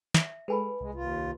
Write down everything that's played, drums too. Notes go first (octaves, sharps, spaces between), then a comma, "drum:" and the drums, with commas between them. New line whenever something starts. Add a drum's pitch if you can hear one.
E5, drum: snare
G#3 A4 B4 G#5 B5
C2 G#3
D#2 F4